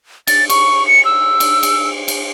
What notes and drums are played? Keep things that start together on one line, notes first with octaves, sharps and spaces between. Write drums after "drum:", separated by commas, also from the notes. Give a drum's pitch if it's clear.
A6, drum: cymbal
C#6, drum: cymbal
C#7
E6
drum: cymbal
drum: cymbal
drum: cymbal